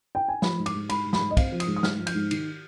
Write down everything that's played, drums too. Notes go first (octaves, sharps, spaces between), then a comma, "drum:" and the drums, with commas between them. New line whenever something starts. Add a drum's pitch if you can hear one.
G5
G#5
F3 B5, drum: snare
G#2
D6, drum: cymbal
G#2
G#2 B5, drum: cymbal
G#2
B5, drum: snare
G#2
D#5
C4 F5, drum: kick, cymbal
F3
D#6, drum: cymbal
G#2
D#6
G#2 F6, drum: snare
F3
G6, drum: cymbal
G#2
D#3, drum: cymbal